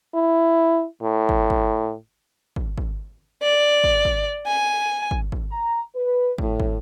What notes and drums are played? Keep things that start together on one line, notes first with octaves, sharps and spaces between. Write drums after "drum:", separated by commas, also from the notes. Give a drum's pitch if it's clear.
E4
A2
drum: kick
drum: kick
drum: kick
drum: kick
D5
drum: kick
drum: kick
G#5
drum: kick
drum: kick
A#5
B4
A2, drum: kick
drum: kick